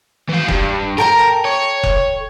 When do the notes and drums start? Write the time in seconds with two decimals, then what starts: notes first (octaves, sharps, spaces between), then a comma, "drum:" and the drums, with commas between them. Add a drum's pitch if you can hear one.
0.29 E3 F5
0.48 G2, drum: kick F1
0.98 A4 A#4 G5 A#5
1.45 C#5
1.83 drum: kick F1